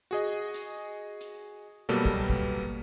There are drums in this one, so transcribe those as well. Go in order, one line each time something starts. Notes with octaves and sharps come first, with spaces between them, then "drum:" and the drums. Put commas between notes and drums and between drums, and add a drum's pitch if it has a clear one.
F#4 G#4 D#5
drum: hi-hat
drum: hi-hat
B2 F#3 G3 A#3 B3 A4
drum: kick
drum: kick